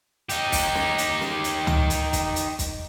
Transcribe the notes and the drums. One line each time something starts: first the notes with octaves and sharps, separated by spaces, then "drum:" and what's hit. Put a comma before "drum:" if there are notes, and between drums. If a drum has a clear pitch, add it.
D#4 G4, drum: hi-hat
drum: kick, open hi-hat
drum: snare
drum: hi-hat
drum: snare
drum: hi-hat
drum: tom C#2
drum: hi-hat
drum: kick, hi-hat
drum: hi-hat
drum: kick, hi-hat